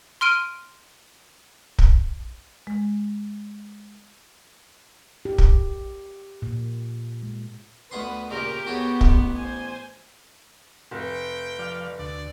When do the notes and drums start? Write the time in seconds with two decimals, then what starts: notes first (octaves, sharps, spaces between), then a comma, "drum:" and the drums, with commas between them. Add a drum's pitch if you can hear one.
0.21 C6 F6 D7 D#7
1.79 drum: kick
2.67 G#3
5.25 G4
5.38 drum: kick
6.42 A#2
7.23 G#3
7.91 D2 B3 B4 C6
8.30 A#2 C#3 G4 A#4
8.67 B3 F#4 G#4 C#5
9.01 A1, drum: kick
9.37 C5 G#5
10.91 F1 G5
11.59 F3 D5 F5
11.99 D2 D5